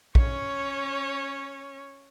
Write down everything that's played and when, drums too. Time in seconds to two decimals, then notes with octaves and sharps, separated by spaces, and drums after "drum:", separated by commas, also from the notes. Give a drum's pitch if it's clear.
0.15 C#4 C#5, drum: kick